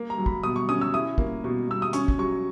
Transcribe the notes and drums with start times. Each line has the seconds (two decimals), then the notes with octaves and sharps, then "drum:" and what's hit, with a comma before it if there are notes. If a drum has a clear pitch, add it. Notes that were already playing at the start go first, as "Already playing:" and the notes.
Already playing: A#3
0.10 A#5
0.18 F#3
0.26 B5, drum: kick
0.43 B2 D#6
0.56 C#6
0.69 C#4 D#6
0.81 E6
0.94 E4 D#6
1.18 A#3, drum: kick
1.44 B2
1.69 B2 E6
1.82 D#6
1.93 C#4 C#6, drum: hi-hat
2.08 drum: kick
2.19 F#3 C#6